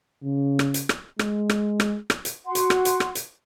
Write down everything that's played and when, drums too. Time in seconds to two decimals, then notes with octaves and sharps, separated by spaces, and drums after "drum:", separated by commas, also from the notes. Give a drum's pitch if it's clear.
0.24 C#3
0.59 drum: rim click
0.74 drum: hi-hat
0.89 drum: rim click
1.19 G#3, drum: rim click
1.49 drum: rim click
1.80 drum: rim click
2.10 drum: rim click
2.25 drum: hi-hat
2.46 F#4 F#5 C6
2.55 drum: hi-hat
2.70 drum: rim click
2.85 drum: hi-hat
3.00 drum: rim click
3.15 drum: hi-hat